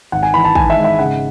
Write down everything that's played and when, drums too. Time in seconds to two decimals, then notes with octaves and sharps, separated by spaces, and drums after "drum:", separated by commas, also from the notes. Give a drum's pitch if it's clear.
0.12 G#1 F#5
0.23 G#5
0.34 E3 B5
0.45 A5
0.55 G#1 G#5, drum: kick
0.70 E5
0.77 G#2
0.84 E5
0.99 C#3 F#5